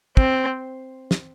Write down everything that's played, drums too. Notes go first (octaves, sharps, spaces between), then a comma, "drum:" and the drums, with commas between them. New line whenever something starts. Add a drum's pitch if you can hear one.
C4, drum: kick
drum: snare